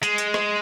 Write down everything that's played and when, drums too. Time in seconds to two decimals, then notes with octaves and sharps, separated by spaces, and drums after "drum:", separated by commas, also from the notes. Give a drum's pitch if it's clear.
0.03 G#3, drum: hi-hat
0.18 drum: hi-hat
0.34 drum: rim click